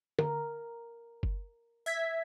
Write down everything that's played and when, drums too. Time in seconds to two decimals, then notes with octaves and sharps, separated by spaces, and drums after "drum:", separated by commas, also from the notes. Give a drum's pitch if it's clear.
0.19 A#4, drum: tom D3
1.23 drum: kick F#1
1.86 E5 G#6 B6